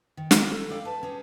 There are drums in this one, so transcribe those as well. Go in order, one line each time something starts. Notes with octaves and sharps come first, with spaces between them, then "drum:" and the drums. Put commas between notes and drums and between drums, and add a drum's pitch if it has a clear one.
D#3
A#3, drum: snare
A4
G4 D5 F5
B4 A5
C#4 G4 G#4